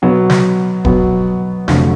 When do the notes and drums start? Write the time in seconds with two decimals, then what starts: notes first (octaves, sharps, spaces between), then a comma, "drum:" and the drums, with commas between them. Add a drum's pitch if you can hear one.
0.02 B2 F#3 B3
0.30 drum: snare
0.85 B2 F#3 B3, drum: kick D#1
1.68 F1 F2 D3 F#3 A3, drum: snare